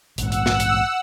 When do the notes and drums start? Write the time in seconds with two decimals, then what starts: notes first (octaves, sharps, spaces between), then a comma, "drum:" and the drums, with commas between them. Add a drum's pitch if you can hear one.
0.18 A#1 G#2 F#5 E6, drum: hi-hat
0.32 drum: hi-hat
0.46 drum: snare
0.60 drum: hi-hat